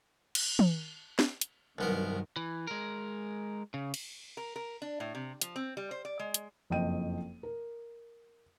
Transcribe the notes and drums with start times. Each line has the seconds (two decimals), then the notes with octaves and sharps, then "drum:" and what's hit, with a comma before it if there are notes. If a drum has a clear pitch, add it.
0.35 drum: cymbal
0.59 drum: tom
1.19 drum: snare
1.41 drum: hi-hat
1.78 C2 G2 D#3 F#3 B3 A#4
2.36 E3
2.67 G#3 A#4
3.74 C#3
3.94 drum: cymbal
4.37 A#4
4.56 A#4
4.82 D4
5.00 A2
5.15 C3
5.42 F3, drum: hi-hat
5.56 C4
5.77 G3
5.91 C5
6.05 D5
6.19 G#3
6.34 drum: hi-hat
6.70 F#1 F2 D#5 G5 D#7
7.43 A#4